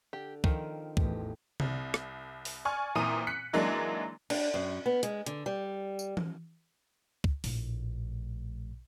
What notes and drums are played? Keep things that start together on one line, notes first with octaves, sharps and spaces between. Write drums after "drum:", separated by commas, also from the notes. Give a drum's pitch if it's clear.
D3 G4
D#3 F3 A#3 C4, drum: kick
A1 E2 G#3 A3 G4, drum: kick
C2, drum: tom C3
drum: rim click
drum: open hi-hat
D5 G#5 C#6 F6
A#2 E3 C4 A#5 D#6 D#7
F#6 B6 C#7
E3 F#3 G#3 A#3 D4 D#4
D4, drum: cymbal
F#2
B3
G#3, drum: hi-hat
D3, drum: hi-hat
G3
drum: tambourine
drum: tom E3
drum: kick
A#1 A2, drum: open hi-hat